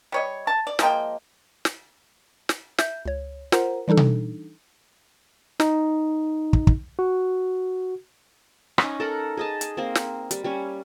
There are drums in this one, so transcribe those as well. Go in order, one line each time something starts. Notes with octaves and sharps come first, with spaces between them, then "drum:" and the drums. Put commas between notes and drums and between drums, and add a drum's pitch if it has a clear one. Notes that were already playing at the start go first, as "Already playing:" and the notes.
G3 C#5 D#5
A5
D5
F3 G#3 A#3 G5, drum: snare
drum: snare
drum: snare
E5 G6, drum: snare
C#2 C#5
F4 A#4 C5 F#5 A#5, drum: snare
E3 G3 D4 D#4 A4
drum: tom B2
D#4, drum: snare
drum: kick
drum: kick
F#4
C#4 D#4, drum: rim click
A4 A#4 F#5
G#4 D#5 A5
drum: hi-hat
A#3 C4
drum: snare
G3, drum: hi-hat
G3 C#4 C#5